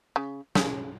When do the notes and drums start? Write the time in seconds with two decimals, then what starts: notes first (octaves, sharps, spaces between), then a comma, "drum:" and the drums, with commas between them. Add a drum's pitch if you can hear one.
0.16 C#3
0.55 C#3, drum: snare